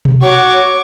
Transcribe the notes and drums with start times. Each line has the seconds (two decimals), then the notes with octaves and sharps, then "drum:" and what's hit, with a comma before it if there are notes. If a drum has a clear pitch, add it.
0.05 drum: tom B2
0.22 F#4 C#5 C#6 D6